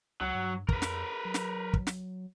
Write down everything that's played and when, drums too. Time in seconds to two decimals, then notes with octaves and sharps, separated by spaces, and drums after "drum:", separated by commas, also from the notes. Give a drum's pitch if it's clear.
0.21 C#2 F#3
0.35 G2
0.69 F2 A#4 B4, drum: kick
0.82 drum: snare
1.25 F#3
1.34 drum: snare
1.73 drum: kick
1.87 drum: snare